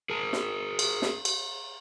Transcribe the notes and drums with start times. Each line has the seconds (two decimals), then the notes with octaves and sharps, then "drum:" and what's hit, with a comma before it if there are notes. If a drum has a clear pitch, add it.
0.10 G#4 A#4
0.33 drum: snare
0.79 drum: cymbal
1.02 drum: snare
1.25 drum: cymbal